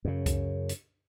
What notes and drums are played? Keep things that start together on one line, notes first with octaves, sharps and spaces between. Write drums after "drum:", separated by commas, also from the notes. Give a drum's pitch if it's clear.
F#2 C#3
drum: kick C#2, hi-hat
drum: hi-hat